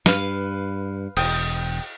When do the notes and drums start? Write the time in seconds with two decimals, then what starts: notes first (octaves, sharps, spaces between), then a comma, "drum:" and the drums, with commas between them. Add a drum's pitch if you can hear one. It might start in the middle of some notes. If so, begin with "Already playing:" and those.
0.06 G2 B4 F5, drum: snare
1.17 E1 G5 D#6, drum: cymbal